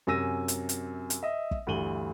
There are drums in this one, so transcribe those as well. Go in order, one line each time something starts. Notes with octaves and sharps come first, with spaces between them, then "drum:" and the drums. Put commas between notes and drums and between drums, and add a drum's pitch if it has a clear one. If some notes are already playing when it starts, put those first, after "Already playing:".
F#2 C3 G#5 E6 A#6 D#7
drum: hi-hat
drum: hi-hat
drum: hi-hat
D#5 E5
drum: kick
D2 G2 E3 D#7 F#7 G7